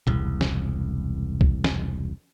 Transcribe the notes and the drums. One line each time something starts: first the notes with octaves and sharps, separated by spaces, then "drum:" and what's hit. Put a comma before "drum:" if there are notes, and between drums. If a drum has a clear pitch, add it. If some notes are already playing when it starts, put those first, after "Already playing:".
E1 C2, drum: tom
drum: snare
drum: kick B1
drum: snare